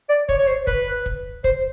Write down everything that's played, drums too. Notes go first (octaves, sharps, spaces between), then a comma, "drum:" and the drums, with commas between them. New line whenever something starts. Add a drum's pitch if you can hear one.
D5
C#5, drum: kick
C#5
C5
B4, drum: kick
drum: kick
C5, drum: kick